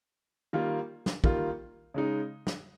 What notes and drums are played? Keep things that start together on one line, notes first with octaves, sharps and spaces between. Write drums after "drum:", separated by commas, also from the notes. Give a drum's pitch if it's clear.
D#3 G3 A#3 F4
drum: snare
D#3 G3 A#3 F4, drum: kick
C#3 G#3 D#4
drum: snare